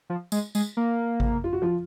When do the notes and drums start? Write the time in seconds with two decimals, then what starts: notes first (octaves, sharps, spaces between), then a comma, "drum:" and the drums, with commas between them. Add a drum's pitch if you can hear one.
0.10 F3
0.32 G#3, drum: tambourine
0.55 G#3, drum: tambourine
0.77 A#3
1.20 drum: kick G#1
1.44 F4
1.53 F#4
1.62 F3 F4